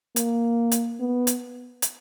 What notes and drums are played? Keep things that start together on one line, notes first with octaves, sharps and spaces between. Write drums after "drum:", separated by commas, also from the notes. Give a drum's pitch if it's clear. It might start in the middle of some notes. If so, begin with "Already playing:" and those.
A#3, drum: hi-hat
drum: hi-hat
B3
drum: hi-hat
drum: hi-hat